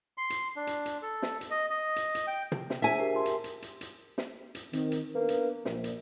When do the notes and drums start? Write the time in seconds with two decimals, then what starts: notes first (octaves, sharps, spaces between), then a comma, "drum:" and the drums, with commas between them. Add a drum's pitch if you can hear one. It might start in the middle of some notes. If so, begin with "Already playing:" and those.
0.18 C6
0.30 drum: hi-hat
0.56 D4
0.67 drum: hi-hat
0.86 drum: hi-hat
1.02 A4
1.22 drum: snare
1.41 drum: hi-hat
1.51 D#5
1.70 D#5
1.96 drum: hi-hat
2.15 drum: hi-hat
2.27 G5
2.52 drum: tom
2.70 drum: snare
2.82 D4 G#4 C5 E5 G#5
2.99 G4 A#4 C7
3.14 F4 A5 C6
3.25 drum: hi-hat
3.44 drum: hi-hat
3.62 drum: hi-hat
3.81 drum: hi-hat
4.18 drum: snare
4.55 drum: hi-hat
4.73 D#3 C4, drum: hi-hat
4.92 drum: hi-hat
5.15 A#3 B3 D4 A#4 B4
5.28 drum: hi-hat
5.65 A#1, drum: snare
5.84 drum: hi-hat